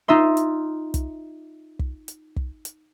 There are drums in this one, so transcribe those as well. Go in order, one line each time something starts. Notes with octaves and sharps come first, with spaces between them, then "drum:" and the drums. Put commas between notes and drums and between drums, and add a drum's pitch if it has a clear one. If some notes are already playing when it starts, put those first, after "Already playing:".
D#4 F4 E5 C6
drum: hi-hat
drum: kick, hi-hat
drum: kick
drum: hi-hat
drum: kick
drum: hi-hat